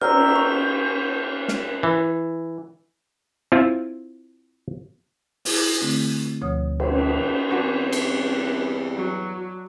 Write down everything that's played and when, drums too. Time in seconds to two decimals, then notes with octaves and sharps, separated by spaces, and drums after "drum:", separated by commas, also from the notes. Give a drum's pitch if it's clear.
0.01 D5 A#5 E6 F6 G6, drum: cymbal
0.36 C#6
1.48 drum: snare
1.83 E3
3.52 C4 E4 F4
5.45 E4 G#4, drum: open hi-hat
5.80 D3 A3 C4 D4
6.42 D2 B2 F3 C#5 D#6
6.80 drum: cymbal
7.50 E2 G2 C4 D4 F#4 A#4
7.92 drum: cymbal
8.96 F#3